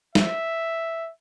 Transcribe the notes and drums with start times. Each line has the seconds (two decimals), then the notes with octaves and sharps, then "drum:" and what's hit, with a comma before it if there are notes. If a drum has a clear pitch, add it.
0.15 E5, drum: snare